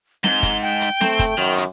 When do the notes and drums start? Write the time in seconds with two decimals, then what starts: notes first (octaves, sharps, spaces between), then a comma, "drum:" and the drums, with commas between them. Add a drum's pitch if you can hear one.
0.24 G#2 G7, drum: snare C4
0.43 drum: kick, hi-hat
0.62 G5
0.81 drum: hi-hat
1.01 A3 C4, drum: snare C4
1.19 drum: kick, hi-hat
1.38 F#2 D#3
1.58 drum: hi-hat